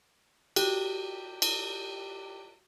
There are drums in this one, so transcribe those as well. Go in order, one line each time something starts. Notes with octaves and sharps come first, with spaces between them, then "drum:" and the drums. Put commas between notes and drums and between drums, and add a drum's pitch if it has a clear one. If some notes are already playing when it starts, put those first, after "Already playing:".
F#4 G4, drum: cymbal
drum: cymbal